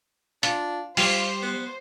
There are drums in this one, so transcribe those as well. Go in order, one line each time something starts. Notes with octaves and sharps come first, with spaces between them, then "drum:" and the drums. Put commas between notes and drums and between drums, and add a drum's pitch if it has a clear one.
D4 F4, drum: hi-hat
G3 F4 G4 C5, drum: open hi-hat
B3